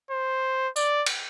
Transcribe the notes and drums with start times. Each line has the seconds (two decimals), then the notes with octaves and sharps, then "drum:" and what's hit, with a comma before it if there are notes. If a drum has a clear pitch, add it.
0.11 C5
0.76 D5, drum: tambourine
1.06 drum: cymbal